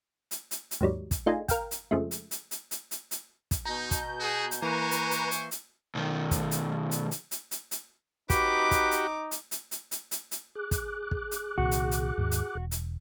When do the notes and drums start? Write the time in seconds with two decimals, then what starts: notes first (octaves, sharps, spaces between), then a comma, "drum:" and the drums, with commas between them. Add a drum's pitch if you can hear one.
0.31 drum: hi-hat
0.51 drum: hi-hat
0.71 drum: hi-hat
0.81 D#2 G#2 F#3 G3
1.11 drum: kick, hi-hat
1.26 A3 D4 D#4 F4 G#4 G#5
1.48 A#4 F5 G5, drum: kick, hi-hat
1.71 drum: hi-hat
1.91 F2 C#3 F3 G#3 A3
2.11 drum: hi-hat
2.31 drum: hi-hat
2.51 drum: hi-hat
2.71 drum: hi-hat
2.91 drum: hi-hat
3.11 drum: hi-hat
3.51 drum: kick, hi-hat
3.65 B2 D#4 A#5 G6
3.91 drum: kick, hi-hat
4.20 F#4 G#4
4.51 drum: hi-hat
4.62 E3 A#3 B4 C5 G#5 A#5 C#6
4.91 drum: hi-hat
5.11 drum: hi-hat
5.31 drum: hi-hat
5.51 drum: hi-hat
5.95 B1 D#3
6.31 drum: kick, hi-hat
6.51 drum: hi-hat
6.91 drum: hi-hat
7.11 drum: hi-hat
7.31 drum: hi-hat
7.51 drum: hi-hat
7.71 drum: hi-hat
8.30 D#4 F#4 G4 B4 D6, drum: kick, hi-hat
8.71 drum: kick, hi-hat
8.91 drum: hi-hat
9.31 drum: hi-hat
9.51 drum: hi-hat
9.71 drum: hi-hat
9.91 drum: hi-hat
10.11 drum: hi-hat
10.31 drum: hi-hat
10.55 G#4 D6 F#6
10.71 drum: kick, hi-hat
11.11 drum: kick
11.31 drum: hi-hat
11.58 C2 A#2 D#3 F#4
11.71 drum: hi-hat
11.91 drum: hi-hat
12.18 D#2 G#2 G#3
12.31 drum: hi-hat
12.55 E1
12.71 drum: hi-hat